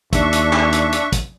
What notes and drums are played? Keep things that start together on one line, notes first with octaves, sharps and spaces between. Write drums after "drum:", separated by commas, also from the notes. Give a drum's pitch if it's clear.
D#2 D4 E5 C#6, drum: kick, hi-hat
drum: hi-hat
drum: clap
drum: hi-hat
drum: hi-hat
drum: kick, hi-hat